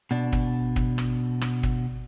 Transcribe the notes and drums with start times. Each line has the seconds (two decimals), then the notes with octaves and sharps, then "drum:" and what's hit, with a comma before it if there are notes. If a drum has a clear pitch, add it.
0.11 B2 D4
0.33 drum: kick
0.76 drum: kick
0.98 drum: rim click
1.41 drum: rim click
1.63 drum: kick